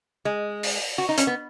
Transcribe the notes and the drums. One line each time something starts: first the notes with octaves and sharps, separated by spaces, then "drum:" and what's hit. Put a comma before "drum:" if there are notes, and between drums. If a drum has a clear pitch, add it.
G#3
drum: open hi-hat
F#4
D#4
C#4, drum: hi-hat
B3